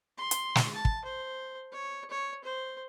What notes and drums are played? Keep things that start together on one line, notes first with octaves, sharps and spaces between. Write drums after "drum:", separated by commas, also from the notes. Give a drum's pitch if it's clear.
C6
drum: hi-hat
drum: snare
A5
drum: kick
C5
C#5
C#5
C5